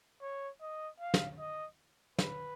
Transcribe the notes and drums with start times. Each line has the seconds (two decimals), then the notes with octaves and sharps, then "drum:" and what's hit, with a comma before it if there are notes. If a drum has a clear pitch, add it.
0.22 C#5
0.61 D#5
1.00 F5
1.14 drum: snare
1.39 D#5
2.18 B4, drum: snare